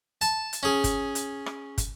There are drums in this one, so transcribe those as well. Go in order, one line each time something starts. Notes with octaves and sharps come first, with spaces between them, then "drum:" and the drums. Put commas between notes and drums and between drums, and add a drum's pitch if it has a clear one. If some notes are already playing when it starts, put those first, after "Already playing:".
A5, drum: hi-hat
drum: hi-hat
C#4 G#4
drum: kick, hi-hat
drum: hi-hat
drum: rim click
drum: kick, hi-hat